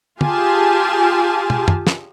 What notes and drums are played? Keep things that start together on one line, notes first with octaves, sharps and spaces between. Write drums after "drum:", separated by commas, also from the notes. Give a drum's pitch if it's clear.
F4 G4 G#4 G#5 A5, drum: tom
drum: tom
drum: tom
drum: snare